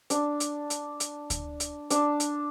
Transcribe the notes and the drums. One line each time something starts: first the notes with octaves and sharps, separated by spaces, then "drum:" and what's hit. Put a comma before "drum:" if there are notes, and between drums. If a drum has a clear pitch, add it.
D4, drum: hi-hat
drum: hi-hat
drum: hi-hat
drum: hi-hat
drum: kick D2, hi-hat
drum: hi-hat
D4, drum: hi-hat
drum: hi-hat